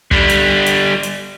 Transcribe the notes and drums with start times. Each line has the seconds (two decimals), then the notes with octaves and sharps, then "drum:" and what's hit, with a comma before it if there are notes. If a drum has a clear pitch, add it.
0.11 D3 G3, drum: kick
0.30 drum: hi-hat
0.66 drum: hi-hat
1.03 drum: hi-hat